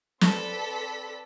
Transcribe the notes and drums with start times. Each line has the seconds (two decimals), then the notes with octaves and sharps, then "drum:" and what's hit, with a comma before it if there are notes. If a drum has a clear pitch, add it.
0.21 C4 A4 B4 D5 B6, drum: snare